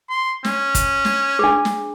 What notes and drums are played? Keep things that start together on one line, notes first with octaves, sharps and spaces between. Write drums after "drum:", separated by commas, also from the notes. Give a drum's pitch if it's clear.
C6
C#4, drum: snare
drum: kick, hi-hat
drum: snare
D4 G#4
drum: snare